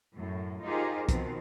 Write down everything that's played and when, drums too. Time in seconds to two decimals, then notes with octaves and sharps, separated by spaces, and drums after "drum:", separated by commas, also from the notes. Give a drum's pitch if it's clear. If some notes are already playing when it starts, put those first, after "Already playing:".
0.16 F#2 A2
0.64 D#4 F4 G4 G#4 A#4 C5
1.09 B2 D#3 F3 C4, drum: kick, hi-hat